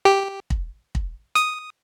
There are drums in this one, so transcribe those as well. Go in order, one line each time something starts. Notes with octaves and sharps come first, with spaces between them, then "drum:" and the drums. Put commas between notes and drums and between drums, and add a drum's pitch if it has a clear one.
G4
drum: kick
drum: kick
D#6, drum: hi-hat